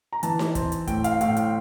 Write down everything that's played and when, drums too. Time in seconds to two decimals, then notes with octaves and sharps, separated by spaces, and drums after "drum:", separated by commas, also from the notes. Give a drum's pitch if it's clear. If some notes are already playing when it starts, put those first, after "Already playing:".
0.13 A#5
0.23 E3 A5, drum: hi-hat
0.39 drum: snare D#4
0.55 C4, drum: kick, hi-hat
0.72 drum: hi-hat
0.88 A2 G5, drum: kick, hi-hat
1.04 F5, drum: hi-hat
1.21 A2 F5, drum: hi-hat
1.37 G5, drum: hi-hat